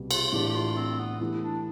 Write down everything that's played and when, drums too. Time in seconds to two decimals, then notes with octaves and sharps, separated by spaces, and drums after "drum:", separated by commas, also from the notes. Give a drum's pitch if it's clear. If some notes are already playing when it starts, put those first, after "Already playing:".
Already playing: C2 B2 G3
0.11 F4, drum: cymbal
0.26 F4
0.32 A2 E3 A3 D4 G4
0.49 G4
0.55 F4
0.76 C4
0.99 B3
1.21 E3 A3 E4 G4
1.42 D4